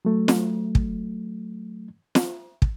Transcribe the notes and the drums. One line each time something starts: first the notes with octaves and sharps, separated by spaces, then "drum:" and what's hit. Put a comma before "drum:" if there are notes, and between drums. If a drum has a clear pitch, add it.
F#3 A3
drum: snare
drum: kick
drum: snare
drum: kick